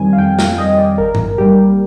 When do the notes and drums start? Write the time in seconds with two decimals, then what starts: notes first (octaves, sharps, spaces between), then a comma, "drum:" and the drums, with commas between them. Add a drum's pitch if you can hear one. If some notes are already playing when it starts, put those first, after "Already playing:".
Already playing: F2 D#3 G3 C4 G#5
0.13 F5
0.18 F2 G5
0.39 F5, drum: snare
0.58 D#3 G3 C4 D#5
0.78 D5
0.98 G#1 A#4
1.15 drum: tom G#2
1.38 G#2 G3 A#3 G4